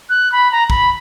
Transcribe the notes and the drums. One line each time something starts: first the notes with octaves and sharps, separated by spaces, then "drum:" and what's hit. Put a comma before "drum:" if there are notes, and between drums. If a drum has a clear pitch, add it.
F#6
B5
A#5
B5, drum: kick